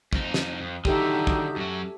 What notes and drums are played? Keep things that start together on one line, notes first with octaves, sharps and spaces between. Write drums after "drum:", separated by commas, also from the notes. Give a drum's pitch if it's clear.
F2 D#4, drum: kick
drum: snare
F2 D#6
D3 D#3 D#4 F#4 G4 A4 E5 G6, drum: kick
drum: kick
F#2 F#3